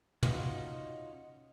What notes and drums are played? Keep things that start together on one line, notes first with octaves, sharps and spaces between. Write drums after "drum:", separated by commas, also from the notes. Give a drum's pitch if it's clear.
C#4 D#4 F4 F#4 D#5, drum: tom